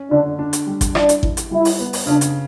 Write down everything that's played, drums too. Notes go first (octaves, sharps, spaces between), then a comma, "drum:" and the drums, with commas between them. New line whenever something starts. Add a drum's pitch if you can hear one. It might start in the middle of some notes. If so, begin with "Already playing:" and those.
Already playing: C#4
D3 D4
D4
drum: hi-hat
G3
drum: kick G#1, hi-hat
D4 E4, drum: rim click
drum: hi-hat
E3, drum: kick G#1
drum: hi-hat
G3 E4
drum: open hi-hat
B3
drum: open hi-hat
C#3 D4
drum: hi-hat